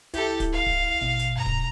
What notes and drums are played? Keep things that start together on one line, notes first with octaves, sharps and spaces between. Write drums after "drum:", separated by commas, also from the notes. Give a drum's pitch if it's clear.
C2 E4 G4 A4, drum: hi-hat
drum: kick, hi-hat
F5
drum: kick
A1 B2
drum: hi-hat
G2 A#5
drum: kick